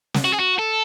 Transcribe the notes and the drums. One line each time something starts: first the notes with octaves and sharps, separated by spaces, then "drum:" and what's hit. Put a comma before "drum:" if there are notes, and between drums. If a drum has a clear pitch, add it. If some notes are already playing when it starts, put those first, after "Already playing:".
drum: snare
F#4
G#4
F#4
A4